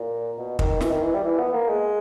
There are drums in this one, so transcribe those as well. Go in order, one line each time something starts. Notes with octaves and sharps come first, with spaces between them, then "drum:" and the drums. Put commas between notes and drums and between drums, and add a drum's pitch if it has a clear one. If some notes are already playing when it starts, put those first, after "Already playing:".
Already playing: A#2
B2
D#3, drum: kick
E3, drum: snare
D#3
E3
G3
E3
B3
A#3
G#3